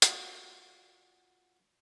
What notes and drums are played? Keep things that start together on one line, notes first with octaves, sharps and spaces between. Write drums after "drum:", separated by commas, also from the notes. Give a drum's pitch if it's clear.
F4 F#4 G#4 D5 F#5, drum: hi-hat